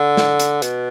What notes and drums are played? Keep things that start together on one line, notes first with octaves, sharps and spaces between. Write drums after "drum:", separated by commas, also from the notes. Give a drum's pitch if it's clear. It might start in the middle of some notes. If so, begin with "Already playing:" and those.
Already playing: D3
drum: snare
drum: hi-hat
B2, drum: hi-hat